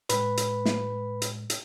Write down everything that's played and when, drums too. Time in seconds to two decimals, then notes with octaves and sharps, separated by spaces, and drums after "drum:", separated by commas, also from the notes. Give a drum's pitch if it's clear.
0.09 A2 G#3 B4 B5, drum: hi-hat
0.37 drum: hi-hat
0.65 drum: snare
1.22 drum: hi-hat
1.50 drum: hi-hat